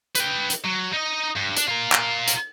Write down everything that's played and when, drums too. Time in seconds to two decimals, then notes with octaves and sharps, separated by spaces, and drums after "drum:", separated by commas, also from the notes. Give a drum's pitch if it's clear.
0.15 B4 G5, drum: hi-hat
0.50 drum: hi-hat
0.64 F#3
0.93 D#4 D#5
1.36 G2
1.57 D4, drum: hi-hat
1.68 F4 A#4
1.92 drum: clap
2.28 drum: hi-hat